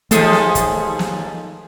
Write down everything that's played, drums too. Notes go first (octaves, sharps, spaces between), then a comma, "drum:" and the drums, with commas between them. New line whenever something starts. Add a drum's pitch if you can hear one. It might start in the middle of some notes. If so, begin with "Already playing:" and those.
D#2 E3 F3 A3 D#4 G#4 A4, drum: hi-hat
drum: snare
drum: kick, hi-hat
drum: snare